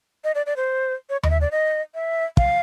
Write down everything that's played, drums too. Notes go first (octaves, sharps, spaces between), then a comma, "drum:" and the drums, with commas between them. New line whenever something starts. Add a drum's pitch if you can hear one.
D#5
D5
D5
C5
C#5
D#5, drum: tom D#2
E5
D5
D#5
E5
F5, drum: kick